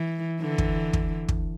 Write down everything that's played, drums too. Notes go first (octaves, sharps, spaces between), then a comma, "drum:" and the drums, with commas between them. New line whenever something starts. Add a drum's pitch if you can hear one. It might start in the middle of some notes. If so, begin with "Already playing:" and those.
Already playing: E3
D3 E3
drum: kick
drum: kick
drum: kick